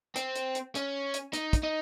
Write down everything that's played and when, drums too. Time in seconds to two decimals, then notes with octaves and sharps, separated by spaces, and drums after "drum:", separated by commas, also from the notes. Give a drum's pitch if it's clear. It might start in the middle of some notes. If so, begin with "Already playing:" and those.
0.16 C4, drum: hi-hat
0.35 drum: hi-hat
0.55 drum: hi-hat
0.75 C#4, drum: hi-hat
1.14 drum: hi-hat
1.33 D#4, drum: hi-hat
1.53 drum: kick, hi-hat
1.63 D#4